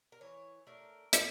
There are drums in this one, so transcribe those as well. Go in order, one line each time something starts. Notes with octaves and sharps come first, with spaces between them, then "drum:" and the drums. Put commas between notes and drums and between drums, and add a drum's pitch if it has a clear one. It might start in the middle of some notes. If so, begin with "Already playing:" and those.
A#4
E3 C#5
A3 D4 A#4
E3, drum: hi-hat